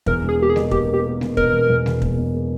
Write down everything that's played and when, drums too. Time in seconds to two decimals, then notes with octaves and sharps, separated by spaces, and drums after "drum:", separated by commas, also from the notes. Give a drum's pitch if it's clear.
0.06 E2 A#4, drum: kick
0.23 E1
0.29 G#4
0.39 A#3 G4
0.50 G#4
0.56 B2, drum: snare G3
0.71 A#3 G4, drum: kick
0.88 A#3
0.93 G4
1.05 A#3
1.21 B2, drum: snare G3
1.37 B2 A#4, drum: kick
1.53 E1
1.70 E2
1.86 E1, drum: snare G3
2.02 A#3, drum: kick
2.18 B2
2.35 A#3